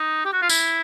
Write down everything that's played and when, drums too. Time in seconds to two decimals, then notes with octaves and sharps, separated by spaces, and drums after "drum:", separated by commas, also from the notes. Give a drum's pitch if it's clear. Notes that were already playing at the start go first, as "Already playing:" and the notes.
Already playing: D#4
0.25 G4
0.33 F#4
0.42 F4
0.49 E4, drum: tambourine